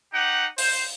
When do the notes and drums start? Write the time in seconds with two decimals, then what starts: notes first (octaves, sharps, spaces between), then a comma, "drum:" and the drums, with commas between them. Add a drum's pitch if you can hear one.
0.13 D#4 G4 F#5
0.58 C5, drum: open hi-hat